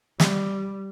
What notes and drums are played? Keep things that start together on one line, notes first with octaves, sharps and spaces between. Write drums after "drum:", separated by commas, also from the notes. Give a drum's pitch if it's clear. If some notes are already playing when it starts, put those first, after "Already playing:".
G3, drum: snare